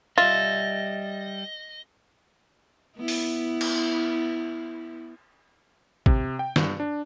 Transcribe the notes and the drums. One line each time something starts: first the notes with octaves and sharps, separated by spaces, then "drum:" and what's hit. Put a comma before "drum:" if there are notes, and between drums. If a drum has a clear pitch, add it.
G3 F4 D#5 E5 A6
B3 E4
drum: open hi-hat
drum: cymbal
C3, drum: kick
G5
G2, drum: snare
D4